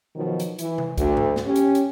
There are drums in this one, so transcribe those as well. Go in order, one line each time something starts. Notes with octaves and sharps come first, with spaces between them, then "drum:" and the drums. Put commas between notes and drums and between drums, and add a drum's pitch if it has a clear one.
B2 D#3 F3 F#3
drum: hi-hat
E3, drum: hi-hat
drum: tom C3
D2, drum: kick, hi-hat
drum: tom G#2
drum: snare
C#4 G4
drum: hi-hat
drum: hi-hat